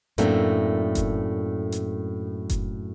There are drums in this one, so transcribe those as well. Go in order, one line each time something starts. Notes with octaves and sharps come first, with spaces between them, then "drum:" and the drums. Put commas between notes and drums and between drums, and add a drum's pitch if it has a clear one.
F#2 A2 A3 A#3 C4 D4, drum: hi-hat
drum: kick F1, hi-hat
drum: hi-hat
drum: kick F1, hi-hat